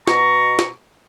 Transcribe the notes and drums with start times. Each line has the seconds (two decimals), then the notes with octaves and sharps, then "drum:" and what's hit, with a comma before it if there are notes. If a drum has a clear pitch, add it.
0.07 B2 A#5 C#6, drum: snare
0.59 drum: snare